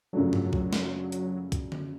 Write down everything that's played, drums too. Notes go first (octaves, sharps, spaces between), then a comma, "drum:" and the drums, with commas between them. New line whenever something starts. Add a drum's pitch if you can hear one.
F#2 C#3 F3 F#3 A3 D4
drum: tom G2
drum: kick
drum: snare
drum: hi-hat
drum: kick, hi-hat
drum: tom D3